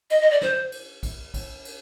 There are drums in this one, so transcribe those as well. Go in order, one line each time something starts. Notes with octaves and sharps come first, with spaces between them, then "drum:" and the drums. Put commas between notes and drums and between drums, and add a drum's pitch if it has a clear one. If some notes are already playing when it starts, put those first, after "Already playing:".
D#5, drum: cymbal
D#5
D5
C5, drum: snare
drum: cymbal
drum: kick A#1, cymbal
drum: kick A#1, cymbal
drum: cymbal